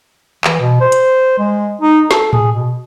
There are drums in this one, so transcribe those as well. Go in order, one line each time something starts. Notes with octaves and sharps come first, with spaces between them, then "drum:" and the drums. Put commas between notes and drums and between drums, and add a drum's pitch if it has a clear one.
E3, drum: clap
B2
C5
drum: hi-hat
G#3
D#4
A4, drum: snare
G#4, drum: tom A2
B2